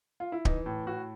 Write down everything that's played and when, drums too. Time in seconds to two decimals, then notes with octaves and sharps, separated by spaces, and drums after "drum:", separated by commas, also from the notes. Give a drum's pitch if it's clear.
0.20 F4
0.32 E4
0.45 E3 D#4, drum: kick D1
0.66 A2
0.86 A2 F#4